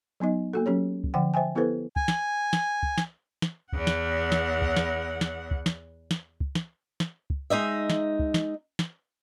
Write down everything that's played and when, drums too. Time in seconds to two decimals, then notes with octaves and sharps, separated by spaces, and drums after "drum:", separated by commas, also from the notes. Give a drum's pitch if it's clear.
0.20 F#3 B3 D#4 D#5
0.53 A#3 F#4 A4
0.66 F#3 C#4 G4 C#5
1.04 drum: kick
1.14 D3 F3 F#5 G5
1.34 C5 E5 G5 G#5
1.55 B3 E4 G4 A4 B4 C5
1.96 G#5, drum: kick
2.08 drum: snare
2.53 drum: snare
2.83 drum: kick
2.98 drum: snare
3.42 drum: snare
3.73 E2 F#5, drum: kick
3.87 drum: snare
4.32 drum: snare
4.62 drum: kick
4.77 drum: snare
5.21 drum: snare
5.51 drum: kick
5.66 drum: snare
6.11 drum: snare
6.41 drum: kick
6.55 drum: snare
7.00 drum: snare
7.30 drum: kick
7.50 G#3 D#4 D#5 E5
7.90 drum: snare
8.19 drum: kick
8.34 drum: snare
8.79 drum: snare